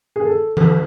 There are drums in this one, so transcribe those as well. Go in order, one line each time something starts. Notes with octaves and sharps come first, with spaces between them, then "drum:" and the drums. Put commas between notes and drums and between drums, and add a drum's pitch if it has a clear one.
G#4
A4
A4, drum: tom E3